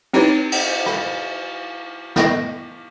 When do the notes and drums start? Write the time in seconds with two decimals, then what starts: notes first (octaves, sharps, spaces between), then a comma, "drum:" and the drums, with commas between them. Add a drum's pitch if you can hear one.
0.13 C4 D#4 E4 G4 B4 C#5, drum: cymbal
0.52 drum: cymbal
0.86 drum: rim click
2.16 B3 E4 D#5 G5 C#6 A#6, drum: snare